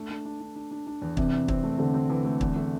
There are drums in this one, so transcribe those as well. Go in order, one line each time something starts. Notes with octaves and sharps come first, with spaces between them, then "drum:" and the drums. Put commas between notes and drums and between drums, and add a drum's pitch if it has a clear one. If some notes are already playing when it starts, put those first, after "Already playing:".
Already playing: A3 D4
D4
D4
D4
D4
D4
D4
E2
C3 E3, drum: kick
E3
C4, drum: kick
A3
D3 C4
C4
E3
A3
E2, drum: kick
A3